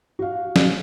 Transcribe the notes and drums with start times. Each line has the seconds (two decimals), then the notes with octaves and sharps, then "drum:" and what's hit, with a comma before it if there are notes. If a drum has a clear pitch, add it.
0.19 F#4 F5
0.56 drum: snare